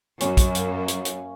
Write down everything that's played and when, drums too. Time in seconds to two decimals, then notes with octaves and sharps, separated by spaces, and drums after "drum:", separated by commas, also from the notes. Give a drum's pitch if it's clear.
0.20 F#2 C#4, drum: hi-hat
0.37 drum: kick, hi-hat
0.55 A#3, drum: hi-hat
0.88 drum: hi-hat
1.05 drum: hi-hat